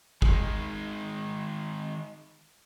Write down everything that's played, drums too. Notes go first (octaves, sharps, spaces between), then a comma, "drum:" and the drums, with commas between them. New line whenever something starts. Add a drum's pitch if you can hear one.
D#3 G#3, drum: kick G1